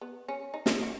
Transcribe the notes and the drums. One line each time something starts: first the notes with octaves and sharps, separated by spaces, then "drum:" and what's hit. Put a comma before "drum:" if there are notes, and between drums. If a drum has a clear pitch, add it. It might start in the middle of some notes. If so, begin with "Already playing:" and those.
B3
C#4
D#4
E4, drum: snare
F#4